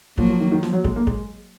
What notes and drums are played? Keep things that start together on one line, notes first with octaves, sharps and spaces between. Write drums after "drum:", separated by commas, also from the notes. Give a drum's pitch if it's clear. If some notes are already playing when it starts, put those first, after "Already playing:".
F3 F#3 A#3, drum: kick
F3
D#3
D#3
F3, drum: snare
F#3
G#3, drum: kick
A#3
G#3, drum: kick